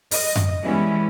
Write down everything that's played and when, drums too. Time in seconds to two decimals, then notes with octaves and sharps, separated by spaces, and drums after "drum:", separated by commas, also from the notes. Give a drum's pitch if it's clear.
0.11 D#5, drum: open hi-hat
0.36 drum: tom F#2
0.64 E3 G3 G#3 B3 C#4 E4